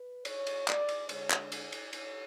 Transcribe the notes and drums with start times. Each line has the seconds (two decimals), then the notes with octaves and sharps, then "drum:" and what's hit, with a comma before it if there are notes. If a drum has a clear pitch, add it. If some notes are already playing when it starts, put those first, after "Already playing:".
Already playing: B4
0.25 C#5, drum: cymbal
0.47 drum: cymbal
0.68 D5, drum: clap
0.89 drum: cymbal
1.09 D3 G#3 D4 C#5, drum: cymbal
1.30 drum: clap
1.52 C#5, drum: cymbal
1.72 drum: cymbal
1.93 C#5, drum: cymbal